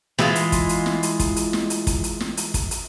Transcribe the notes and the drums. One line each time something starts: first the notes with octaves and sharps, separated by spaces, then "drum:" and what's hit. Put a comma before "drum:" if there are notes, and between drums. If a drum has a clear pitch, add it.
E3 G#3 F4, drum: snare
drum: hi-hat
drum: kick, hi-hat
drum: hi-hat
drum: snare
drum: hi-hat
drum: kick, hi-hat
drum: hi-hat
drum: snare
drum: hi-hat
drum: kick, hi-hat
drum: hi-hat
drum: snare
drum: hi-hat
drum: kick, hi-hat
drum: hi-hat